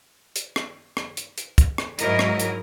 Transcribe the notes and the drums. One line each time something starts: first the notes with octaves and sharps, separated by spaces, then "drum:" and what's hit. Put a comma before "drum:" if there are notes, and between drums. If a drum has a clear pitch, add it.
drum: hi-hat
drum: rim click
drum: rim click
drum: hi-hat
drum: hi-hat
drum: kick, hi-hat
drum: rim click
G#2 F#3 E4 A#4 D#5, drum: hi-hat
drum: rim click
drum: hi-hat